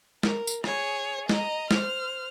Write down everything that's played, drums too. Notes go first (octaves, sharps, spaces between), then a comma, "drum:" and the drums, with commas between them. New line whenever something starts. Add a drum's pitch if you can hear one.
A#4, drum: snare
drum: tambourine
G#4 C#5, drum: rim click
D#5 A#5, drum: snare
C5 F6, drum: snare